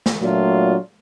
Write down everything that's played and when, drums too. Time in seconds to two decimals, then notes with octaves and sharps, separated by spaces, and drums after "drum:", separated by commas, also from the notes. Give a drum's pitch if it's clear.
0.06 drum: snare
0.21 A#2 F#3 A3 D4 F4